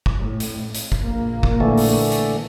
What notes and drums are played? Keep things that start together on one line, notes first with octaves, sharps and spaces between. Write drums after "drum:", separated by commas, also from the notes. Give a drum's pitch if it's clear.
drum: kick
A2
drum: hi-hat
drum: hi-hat
drum: kick
A#1 A#3
drum: kick
D3 E3 A3
drum: open hi-hat
drum: hi-hat